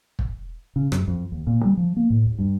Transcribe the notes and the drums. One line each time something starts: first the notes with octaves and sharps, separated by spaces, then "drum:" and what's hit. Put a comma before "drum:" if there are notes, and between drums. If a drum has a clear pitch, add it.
drum: kick
C#3
F#2, drum: rim click
F2
D#2
A#2
G3
F3
A#3
A2
D#2
G2